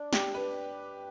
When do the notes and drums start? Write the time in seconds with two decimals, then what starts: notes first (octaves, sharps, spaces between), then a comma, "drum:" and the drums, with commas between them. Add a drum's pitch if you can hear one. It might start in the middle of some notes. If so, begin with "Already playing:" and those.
Already playing: D4
0.13 G4, drum: snare
0.34 B4